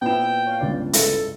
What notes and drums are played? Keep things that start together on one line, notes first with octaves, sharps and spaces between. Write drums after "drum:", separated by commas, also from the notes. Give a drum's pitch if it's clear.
A#2 B3 C4 E4 G5 E7
C#5 F5
G1 C#2 D5
G#3 E4 A4, drum: hi-hat